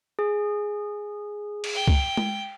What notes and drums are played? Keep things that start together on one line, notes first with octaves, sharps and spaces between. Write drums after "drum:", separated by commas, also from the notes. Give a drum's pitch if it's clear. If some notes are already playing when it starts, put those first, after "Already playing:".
G#4
drum: cymbal
G5
drum: kick C2
drum: tom G#3